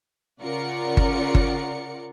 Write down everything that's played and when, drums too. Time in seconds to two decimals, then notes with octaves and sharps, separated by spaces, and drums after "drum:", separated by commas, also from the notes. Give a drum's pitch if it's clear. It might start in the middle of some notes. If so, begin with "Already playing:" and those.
0.41 C#3 F4 A#4 D5 F#5 C#7
0.97 drum: kick G1
1.35 drum: kick G1